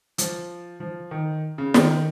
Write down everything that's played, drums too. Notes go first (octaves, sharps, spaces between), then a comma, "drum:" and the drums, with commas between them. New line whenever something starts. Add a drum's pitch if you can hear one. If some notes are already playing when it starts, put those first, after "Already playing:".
F3, drum: hi-hat
F3
D#3
C#3
D#3, drum: snare